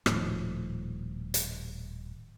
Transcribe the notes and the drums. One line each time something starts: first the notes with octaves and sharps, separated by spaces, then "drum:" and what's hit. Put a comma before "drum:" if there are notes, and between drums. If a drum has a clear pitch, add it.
D#1 A2 D#3 F3, drum: rim click
drum: hi-hat